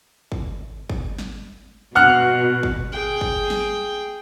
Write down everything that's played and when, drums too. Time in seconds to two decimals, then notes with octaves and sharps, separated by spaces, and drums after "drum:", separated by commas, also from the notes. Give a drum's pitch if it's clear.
0.32 drum: kick
0.90 drum: kick
1.18 drum: snare
1.95 B2 F#5 F6 F#6
2.63 drum: kick
2.92 G#4 G5
3.21 drum: kick
3.50 drum: snare